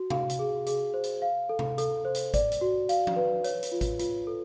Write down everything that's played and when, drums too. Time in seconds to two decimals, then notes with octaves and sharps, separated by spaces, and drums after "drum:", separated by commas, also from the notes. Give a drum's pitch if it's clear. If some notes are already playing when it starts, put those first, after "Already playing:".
Already playing: F#4
0.10 F5, drum: tom C3
0.30 drum: hi-hat
0.39 G#4
0.66 G#4, drum: hi-hat
0.94 C5
1.04 drum: hi-hat
1.22 F5
1.49 A4
1.59 drum: tom C3
1.78 A4, drum: hi-hat
2.05 C5
2.15 drum: hi-hat
2.34 D5, drum: kick G#1, hi-hat
2.52 drum: hi-hat
2.61 F#4
2.89 F5, drum: hi-hat
3.07 drum: tom F3
3.16 B4
3.44 C#5, drum: hi-hat
3.63 drum: hi-hat
3.72 F4
3.81 drum: kick G#1, hi-hat
3.99 F4, drum: hi-hat
4.27 A4